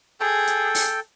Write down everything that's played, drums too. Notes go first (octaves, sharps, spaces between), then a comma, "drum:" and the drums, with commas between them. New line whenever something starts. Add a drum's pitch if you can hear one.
G#4 A4 G5
drum: hi-hat
drum: open hi-hat